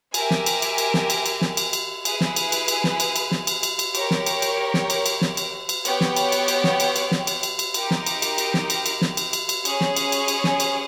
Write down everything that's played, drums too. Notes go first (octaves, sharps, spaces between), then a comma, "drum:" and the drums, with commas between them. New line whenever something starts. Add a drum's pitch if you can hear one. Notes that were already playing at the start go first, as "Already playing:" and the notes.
G4 A#4 E5 G#5, drum: cymbal
drum: snare
drum: cymbal
drum: cymbal
drum: cymbal
drum: snare
drum: cymbal
drum: cymbal
drum: snare
drum: cymbal
drum: cymbal
E4 G#4 B4, drum: cymbal
drum: snare
drum: cymbal
drum: cymbal
drum: cymbal
drum: snare
drum: cymbal
drum: cymbal
drum: snare
drum: cymbal
drum: cymbal
drum: cymbal
G4 A#4 C#5, drum: cymbal
drum: snare
drum: cymbal
drum: cymbal
drum: snare
drum: cymbal
drum: cymbal
drum: snare
drum: cymbal
drum: cymbal
B3 G4 C#5 G5, drum: cymbal
drum: snare
drum: cymbal
drum: cymbal
drum: cymbal
drum: snare
drum: cymbal
drum: cymbal
drum: snare
drum: cymbal
drum: cymbal
drum: cymbal
D#4 G4 A#4, drum: cymbal
drum: snare
drum: cymbal
drum: cymbal
drum: cymbal
drum: snare
drum: cymbal
drum: cymbal
drum: snare
drum: cymbal
drum: cymbal
drum: cymbal
C#4 G#4 C#5, drum: cymbal
drum: snare
drum: cymbal
drum: cymbal
drum: cymbal
drum: snare
drum: cymbal